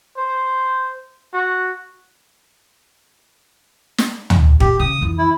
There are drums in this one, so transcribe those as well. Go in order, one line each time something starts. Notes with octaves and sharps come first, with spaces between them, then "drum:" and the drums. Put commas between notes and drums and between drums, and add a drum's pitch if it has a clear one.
C5
F#4
drum: snare
drum: tom
A#2 G4, drum: kick
C#3 D#6
F2 E3
E4